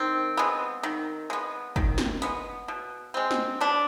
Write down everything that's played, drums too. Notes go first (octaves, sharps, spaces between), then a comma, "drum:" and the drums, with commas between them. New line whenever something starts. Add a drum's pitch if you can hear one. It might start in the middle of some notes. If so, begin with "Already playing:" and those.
Already playing: D#3 C4
G#3 B3
D#3
G#3 B3
D#3, drum: kick
drum: snare
G#3 B3, drum: hi-hat
B2
G#3 C4
drum: snare
B2 D4